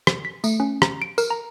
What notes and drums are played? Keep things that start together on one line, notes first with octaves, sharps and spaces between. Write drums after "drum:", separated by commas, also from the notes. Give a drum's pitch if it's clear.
drum: rim click
B6
A3, drum: tambourine
C#4
A#5, drum: rim click
D7
A#4, drum: tambourine
A#5